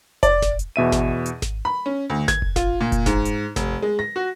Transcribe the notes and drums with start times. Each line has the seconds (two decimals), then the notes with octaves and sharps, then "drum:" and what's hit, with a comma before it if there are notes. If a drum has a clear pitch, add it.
0.23 D5, drum: kick F1, hi-hat
0.42 drum: snare G#1
0.59 drum: hi-hat
0.76 E2 B2 E5 D#7
0.92 drum: snare G#1
1.26 drum: hi-hat
1.42 drum: snare G#1
1.65 B5
1.86 C#4
2.10 D2
2.28 G#6, drum: snare G#1
2.42 drum: kick F1
2.56 F4, drum: snare G#1
2.81 A#2
2.92 drum: kick F1, hi-hat
3.06 G#2, drum: snare G#1
3.25 drum: hi-hat
3.56 F1, drum: snare G#1
3.82 G#3
3.99 A#6
4.16 F#4